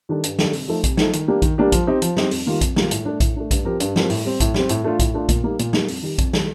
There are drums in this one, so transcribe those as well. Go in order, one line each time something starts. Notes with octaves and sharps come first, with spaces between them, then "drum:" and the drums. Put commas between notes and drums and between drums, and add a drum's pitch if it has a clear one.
D#3 G3 D4 A4
G2, drum: hi-hat
D#3 G3 D4 A4, drum: snare
C3, drum: open hi-hat
F3 A3 D#4 A4
C3, drum: kick A#1, hi-hat
F3 A3 D#4 A4, drum: snare
D#3, drum: hi-hat
G3 A#3 D4 G4
D#3, drum: kick A#1, hi-hat
G3 A#3 D4 G4
F3, drum: kick A#1, hi-hat
C4 D#4 G4
F3, drum: hi-hat
C4 D#4 G4, drum: snare
F2, drum: open hi-hat
D#3 G3 A#3 F4
F2, drum: kick A#1, hi-hat
D#3 G3 A#3 F4, drum: snare
A2, drum: hi-hat
A3 D4
A2, drum: kick A#1, hi-hat
A3 D4
G2, drum: kick A#1, hi-hat
F3 C4 G4 A#4
G2, drum: hi-hat
F3 C4 G4 A#4, drum: snare
A2, drum: open hi-hat
G3 C4
A2, drum: kick A#1, hi-hat
G3 C4, drum: snare
A2, drum: hi-hat
A3 D4 F4
A2, drum: kick A#1, hi-hat
A3 D4 F4
A#2, drum: kick A#1, hi-hat
G3 A#3 D#4
A#2, drum: hi-hat
G3 A#3 D#4, drum: snare
F2, drum: open hi-hat
D#3 G3
F2, drum: kick A#1, hi-hat
D#3 G3, drum: snare